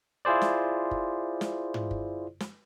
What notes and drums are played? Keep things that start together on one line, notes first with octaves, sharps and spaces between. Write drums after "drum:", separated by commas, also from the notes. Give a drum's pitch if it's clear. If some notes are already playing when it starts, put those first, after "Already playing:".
E4 F4 G#4 C5 D5
drum: snare
drum: kick
drum: snare
drum: tom
drum: kick
drum: snare